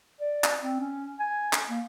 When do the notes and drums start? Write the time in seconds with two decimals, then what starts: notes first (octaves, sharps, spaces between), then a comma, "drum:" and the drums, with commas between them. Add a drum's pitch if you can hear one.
0.20 D5
0.44 drum: clap
0.62 C4
0.80 C#4
1.20 G#5
1.53 drum: clap
1.70 A#3